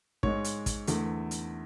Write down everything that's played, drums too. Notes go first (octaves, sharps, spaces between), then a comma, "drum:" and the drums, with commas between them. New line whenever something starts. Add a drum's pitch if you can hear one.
G#2 G#3 C#5, drum: kick
drum: hi-hat
drum: kick, hi-hat
E2 D3 A3, drum: hi-hat
drum: hi-hat